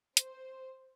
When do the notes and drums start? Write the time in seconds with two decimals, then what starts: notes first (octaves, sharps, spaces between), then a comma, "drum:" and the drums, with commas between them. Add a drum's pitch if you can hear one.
0.17 C5, drum: hi-hat